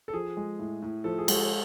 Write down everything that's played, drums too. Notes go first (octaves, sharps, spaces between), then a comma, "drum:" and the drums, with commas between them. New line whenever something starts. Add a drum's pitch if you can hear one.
A4
F3 G#4
G#3
A2
A2
F3 A4
G#4
G#3 A4, drum: cymbal